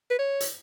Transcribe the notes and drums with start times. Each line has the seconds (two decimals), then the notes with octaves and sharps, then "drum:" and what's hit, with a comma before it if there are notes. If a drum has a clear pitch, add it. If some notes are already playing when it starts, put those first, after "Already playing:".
0.10 B4
0.19 C#5
0.40 drum: hi-hat